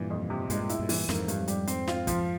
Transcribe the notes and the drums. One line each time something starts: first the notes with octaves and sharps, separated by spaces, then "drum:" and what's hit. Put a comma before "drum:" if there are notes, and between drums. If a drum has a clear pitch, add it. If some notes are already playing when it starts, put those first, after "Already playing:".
Already playing: G2 A#2 E3
F2
C3
G2 A#2 G#3, drum: hi-hat
E4, drum: hi-hat
G2 A#2
E3, drum: open hi-hat
F2 G#2 A#3, drum: snare
G2, drum: hi-hat
G3, drum: hi-hat
C4, drum: hi-hat
F4, drum: snare
F3, drum: kick, hi-hat